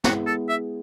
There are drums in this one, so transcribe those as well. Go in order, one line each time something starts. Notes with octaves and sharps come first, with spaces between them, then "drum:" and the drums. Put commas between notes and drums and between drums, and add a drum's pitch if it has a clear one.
G#3 B3 E4 F#4 G#4, drum: snare
A4
E5